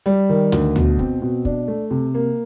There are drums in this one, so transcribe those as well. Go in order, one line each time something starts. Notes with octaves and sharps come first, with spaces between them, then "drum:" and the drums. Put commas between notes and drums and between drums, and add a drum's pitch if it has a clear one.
G3
D#3
D2, drum: snare
B2, drum: tom D2
C4, drum: kick
B2
D4, drum: kick
A3
C3
A#3